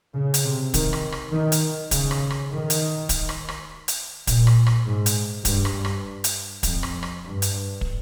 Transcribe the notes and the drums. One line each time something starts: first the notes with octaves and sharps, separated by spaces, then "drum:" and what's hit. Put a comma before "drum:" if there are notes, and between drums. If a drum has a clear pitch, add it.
C#3
drum: hi-hat
C3
D#3, drum: kick, hi-hat
drum: rim click
drum: rim click
D#3
drum: hi-hat
C#3, drum: kick, hi-hat
drum: rim click
drum: rim click
D#3
drum: hi-hat
drum: kick, hi-hat
drum: rim click
drum: rim click
drum: hi-hat
A#2, drum: kick, hi-hat
drum: rim click
drum: rim click
G#2
drum: hi-hat
G2, drum: kick, hi-hat
drum: rim click
drum: rim click
drum: hi-hat
F2, drum: kick, hi-hat
drum: rim click
drum: rim click
G2
drum: hi-hat
drum: kick